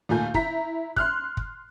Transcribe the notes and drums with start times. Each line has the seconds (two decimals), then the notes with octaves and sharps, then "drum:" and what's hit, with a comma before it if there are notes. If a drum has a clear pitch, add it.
0.09 D#2 A#2 A3 G#5 G6
0.34 E4 A#5 B6, drum: kick
0.96 C6 F6 F#6, drum: kick
1.37 drum: kick